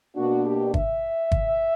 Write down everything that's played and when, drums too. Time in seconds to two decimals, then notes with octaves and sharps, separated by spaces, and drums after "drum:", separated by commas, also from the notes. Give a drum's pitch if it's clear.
0.16 B2 A#3 D4 F#4
0.45 G4
0.74 E5, drum: kick
1.32 drum: kick